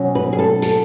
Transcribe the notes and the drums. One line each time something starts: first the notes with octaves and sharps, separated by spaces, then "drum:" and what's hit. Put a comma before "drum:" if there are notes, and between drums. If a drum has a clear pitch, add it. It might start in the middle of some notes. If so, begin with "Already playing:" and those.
Already playing: B2 F#3 C#4
B4
G#4
A4
A4, drum: tambourine